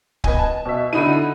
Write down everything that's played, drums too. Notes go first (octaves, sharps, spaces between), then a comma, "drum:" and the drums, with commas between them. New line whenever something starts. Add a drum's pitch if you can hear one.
B4 D#5 G#5, drum: kick C#1
A5
B2 E5
D3 D#4 E4 F#4 B5 D#7